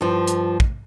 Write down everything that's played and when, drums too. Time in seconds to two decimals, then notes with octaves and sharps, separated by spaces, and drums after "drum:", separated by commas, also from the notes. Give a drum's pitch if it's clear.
0.01 G2 F3
0.27 drum: hi-hat
0.60 drum: kick